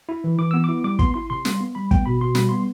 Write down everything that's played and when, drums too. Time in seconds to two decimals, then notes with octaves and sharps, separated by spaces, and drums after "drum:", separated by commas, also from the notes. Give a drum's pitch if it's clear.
0.09 E4
0.24 E3
0.38 E3 D6
0.51 B3 E6
0.64 E4 D6
0.84 G3 D6
0.99 B3 C6, drum: kick
1.14 E4 C6
1.30 C3 C6
1.45 G3, drum: snare
1.60 B3
1.75 G3 B5
1.91 B3 G5, drum: kick
2.06 B2 B5
2.21 B2 C6
2.35 G3 B5, drum: snare
2.49 B3 C6